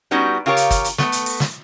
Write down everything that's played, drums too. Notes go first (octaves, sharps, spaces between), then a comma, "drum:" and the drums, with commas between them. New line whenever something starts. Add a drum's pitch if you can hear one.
G3 B3 C#4 D#4 F#4
C#3 F4 G4 A#4 C#5
drum: hi-hat
drum: kick G1, hi-hat
drum: hi-hat
A3 B3, drum: snare
drum: hi-hat
drum: open hi-hat
drum: snare